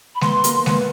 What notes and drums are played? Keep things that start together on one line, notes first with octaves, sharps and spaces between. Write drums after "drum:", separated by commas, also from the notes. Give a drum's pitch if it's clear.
B5
B3 B4 C6, drum: snare G#3
A#3 A#4, drum: hi-hat
B3 B4, drum: snare G#3